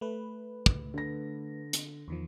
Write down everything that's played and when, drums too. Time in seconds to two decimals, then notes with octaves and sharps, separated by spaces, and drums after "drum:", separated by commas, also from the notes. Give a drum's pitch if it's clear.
0.01 A3 B4
0.66 drum: kick
0.94 D3 A#6
1.73 drum: hi-hat
2.08 E2 D#3 F3